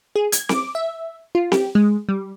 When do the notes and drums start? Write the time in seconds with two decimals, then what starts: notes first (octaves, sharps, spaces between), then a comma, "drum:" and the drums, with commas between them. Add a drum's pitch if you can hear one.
0.16 G#4
0.32 G#6, drum: hi-hat
0.49 D6, drum: snare C4
0.75 E5
1.35 F4
1.52 G4, drum: snare C4
1.75 G#3
2.09 G3